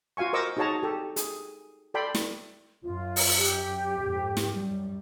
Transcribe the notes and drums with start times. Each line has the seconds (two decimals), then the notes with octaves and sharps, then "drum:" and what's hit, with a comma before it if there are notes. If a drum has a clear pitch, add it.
0.17 F4 F#4 F5 G#5 C#6
0.33 A#4 C5 D#5 C#6 D6 E6
0.57 D#4 F#4 G#4 C#5 A5 A#5
0.83 G4 A4
1.16 G#4, drum: hi-hat
1.94 A4 D5 G5 B5 C6
2.15 drum: snare
2.83 F#2 F4
3.16 drum: open hi-hat
3.38 G4
4.02 F2 G#2
4.37 drum: snare
4.50 F#2 G3